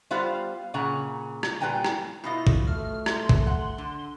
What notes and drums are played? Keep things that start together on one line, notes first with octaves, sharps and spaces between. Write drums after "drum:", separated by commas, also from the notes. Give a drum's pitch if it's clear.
G3 B3 F4 C5 F5 F#5
A#2 C#3 F#5 A#5
drum: rim click
A#2 G3 B4 G5 G#5 A#5
drum: rim click
B2 E4 F4 D#5 A#6
drum: kick
A3 F6
C6, drum: rim click
drum: kick
F#5
D3